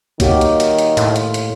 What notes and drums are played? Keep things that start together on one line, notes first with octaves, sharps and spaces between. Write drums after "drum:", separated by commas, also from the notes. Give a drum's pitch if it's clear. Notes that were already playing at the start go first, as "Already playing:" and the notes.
D#3 A#3 F#4 G4 C#5 F5, drum: kick B1, hi-hat
drum: hi-hat
drum: hi-hat
drum: hi-hat
A2 F5 C6, drum: hi-hat
drum: hi-hat
drum: hi-hat